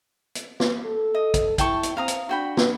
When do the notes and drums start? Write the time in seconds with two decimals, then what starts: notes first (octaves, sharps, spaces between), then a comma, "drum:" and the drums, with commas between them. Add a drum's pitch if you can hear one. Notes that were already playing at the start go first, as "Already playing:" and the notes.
0.35 drum: hi-hat
0.60 drum: snare
0.85 A4
1.15 D#5
1.34 drum: kick, hi-hat
1.58 E4 G5 A5 C#6, drum: kick, hi-hat
1.83 drum: hi-hat
1.97 C4 F5 A#5 D#6
2.08 drum: hi-hat
2.29 D4 F#4 G5 B5
2.57 drum: snare